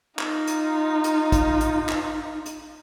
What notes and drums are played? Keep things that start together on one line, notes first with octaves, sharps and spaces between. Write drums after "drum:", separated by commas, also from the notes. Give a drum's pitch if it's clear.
D#4 F4, drum: clap
drum: hi-hat
drum: hi-hat
drum: kick, hi-hat
drum: hi-hat
drum: clap
drum: hi-hat